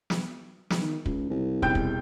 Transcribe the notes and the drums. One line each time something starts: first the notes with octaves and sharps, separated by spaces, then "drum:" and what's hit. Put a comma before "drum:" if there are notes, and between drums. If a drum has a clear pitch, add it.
drum: snare
drum: snare
D#3
C#2, drum: kick
C2
E1 G5 G6, drum: kick
drum: kick